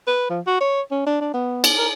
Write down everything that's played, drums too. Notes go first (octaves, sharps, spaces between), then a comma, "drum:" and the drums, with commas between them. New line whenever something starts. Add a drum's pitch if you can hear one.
B4
F3
F#4
C#5
C#4
D4
D4
B3
drum: cymbal
A#4